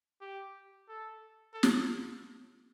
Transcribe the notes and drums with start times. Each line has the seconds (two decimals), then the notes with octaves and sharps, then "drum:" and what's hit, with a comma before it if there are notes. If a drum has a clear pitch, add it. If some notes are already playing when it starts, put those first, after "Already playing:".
0.21 G4
0.88 A4
1.53 A4
1.63 drum: snare